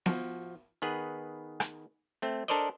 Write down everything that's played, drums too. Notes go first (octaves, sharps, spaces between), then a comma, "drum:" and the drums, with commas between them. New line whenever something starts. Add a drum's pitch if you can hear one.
F3 F#4, drum: snare B3
D#3 B3 G#4 B4
drum: rim click
A3 C4
D4 A4 A#4 C5 D5 D#5